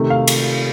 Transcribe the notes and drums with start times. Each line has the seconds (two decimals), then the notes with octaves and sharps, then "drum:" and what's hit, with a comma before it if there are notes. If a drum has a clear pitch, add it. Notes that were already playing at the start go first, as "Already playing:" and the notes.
Already playing: C3 D#3 A3
0.10 F5
0.28 drum: cymbal